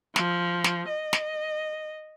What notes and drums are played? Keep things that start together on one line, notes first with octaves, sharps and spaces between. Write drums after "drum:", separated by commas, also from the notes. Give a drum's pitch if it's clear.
F3, drum: snare
drum: snare
D#5
drum: snare